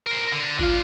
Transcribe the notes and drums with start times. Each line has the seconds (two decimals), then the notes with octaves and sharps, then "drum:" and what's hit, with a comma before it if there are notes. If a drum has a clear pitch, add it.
0.07 A#4 C5
0.33 D3
0.59 D4 F4 F5, drum: kick